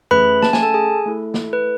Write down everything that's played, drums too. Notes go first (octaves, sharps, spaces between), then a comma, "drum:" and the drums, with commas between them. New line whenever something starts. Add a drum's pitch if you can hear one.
A3 C#4 G#4 B4 B5, drum: tom F2
A5, drum: snare
G#5, drum: snare
A4 A5
G#4 G#5
A3 E4 A4
drum: snare
B4